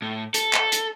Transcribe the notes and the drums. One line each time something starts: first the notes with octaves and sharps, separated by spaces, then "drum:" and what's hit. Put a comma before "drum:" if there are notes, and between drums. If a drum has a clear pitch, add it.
A2
A4, drum: hi-hat
drum: clap
drum: hi-hat